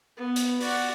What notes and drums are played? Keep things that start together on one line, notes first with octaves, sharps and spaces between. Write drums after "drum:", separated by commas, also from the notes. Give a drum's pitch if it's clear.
B3
drum: hi-hat
F#4 D5, drum: open hi-hat